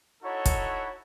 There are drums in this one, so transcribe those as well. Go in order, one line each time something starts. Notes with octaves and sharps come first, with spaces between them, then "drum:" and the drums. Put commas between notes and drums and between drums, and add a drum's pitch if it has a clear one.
D#4 E4 F#4 A4 C#5
drum: kick, hi-hat